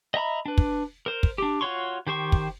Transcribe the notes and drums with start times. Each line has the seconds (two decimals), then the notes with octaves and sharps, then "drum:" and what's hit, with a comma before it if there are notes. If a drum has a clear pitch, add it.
0.14 D#5 E5 A#5 B5
0.46 D4 B4
0.58 drum: kick
1.06 A#4 C5
1.23 drum: kick
1.38 D4 G4
1.61 F4 F#4 C#5 C6 C#6
2.07 D#3 G4 C5 C#6
2.32 drum: kick